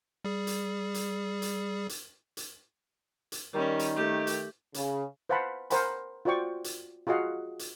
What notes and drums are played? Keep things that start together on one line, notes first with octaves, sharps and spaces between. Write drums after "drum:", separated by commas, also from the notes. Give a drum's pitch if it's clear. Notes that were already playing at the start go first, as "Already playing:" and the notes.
G3 G#4
drum: hi-hat
drum: hi-hat
drum: hi-hat
drum: hi-hat
drum: hi-hat
drum: hi-hat
D#3 G3 C#4
drum: hi-hat
A3 G4
drum: hi-hat
C#3, drum: hi-hat
B4 C5 F5 F#5 A5 B5
A#4 C5 F#5 G#5 B5, drum: hi-hat
F4 F#4 C5 D5 G5 C#6
drum: hi-hat
F4 F#4 G#4 D#5 F5 F#5
drum: hi-hat